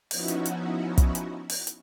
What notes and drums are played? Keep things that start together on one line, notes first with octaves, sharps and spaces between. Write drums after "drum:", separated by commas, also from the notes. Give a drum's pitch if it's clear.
F3 B3 C#4 D#4 E4 F#4, drum: open hi-hat
drum: hi-hat
drum: hi-hat
drum: kick, hi-hat
drum: hi-hat
drum: open hi-hat
drum: hi-hat